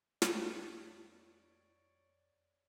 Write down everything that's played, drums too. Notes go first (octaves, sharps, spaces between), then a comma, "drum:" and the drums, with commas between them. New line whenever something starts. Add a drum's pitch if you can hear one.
F2 C#5 D5, drum: snare